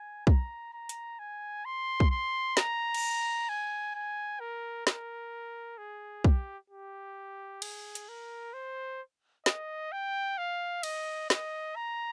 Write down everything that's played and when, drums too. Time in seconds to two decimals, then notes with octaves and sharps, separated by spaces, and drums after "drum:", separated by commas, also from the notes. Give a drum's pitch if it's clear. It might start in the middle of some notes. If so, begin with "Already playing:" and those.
Already playing: G#5
0.27 A#5, drum: kick
0.73 A#5
0.89 drum: hi-hat
1.19 G#5
1.65 C6
2.00 drum: kick
2.11 C6
2.57 A#5, drum: snare
2.94 drum: cymbal
3.49 G#5
3.95 G#5
4.40 A#4
4.87 A#4, drum: snare
5.78 G#4
6.24 G4, drum: kick
6.70 G4
7.62 G#4, drum: cymbal
7.95 drum: hi-hat
8.09 A#4
8.53 C5
9.46 D#5, drum: snare
9.92 G5
10.38 F5
10.83 D#5, drum: cymbal
11.30 D#5, drum: snare
11.76 A#5